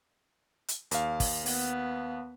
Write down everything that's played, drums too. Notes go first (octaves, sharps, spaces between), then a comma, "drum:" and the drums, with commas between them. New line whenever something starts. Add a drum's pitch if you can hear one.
drum: hi-hat
D#2 F5, drum: hi-hat
drum: kick, open hi-hat
B3, drum: open hi-hat